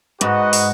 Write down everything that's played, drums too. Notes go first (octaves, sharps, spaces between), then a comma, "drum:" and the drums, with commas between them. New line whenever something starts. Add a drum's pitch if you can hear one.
G#2 F#4 B4 D#5 F#5, drum: hi-hat
drum: open hi-hat